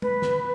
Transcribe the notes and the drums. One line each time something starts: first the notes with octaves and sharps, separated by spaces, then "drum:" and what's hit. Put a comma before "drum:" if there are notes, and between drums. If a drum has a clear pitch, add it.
B4, drum: tom
drum: snare